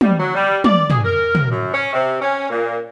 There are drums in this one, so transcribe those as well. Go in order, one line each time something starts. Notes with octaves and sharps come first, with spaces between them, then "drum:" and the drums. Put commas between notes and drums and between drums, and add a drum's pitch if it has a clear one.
G3, drum: tom
F#3
G3
D5, drum: tom
G#4, drum: tom
A#4
drum: tom
F#2
C#4
C3
C#4
A#2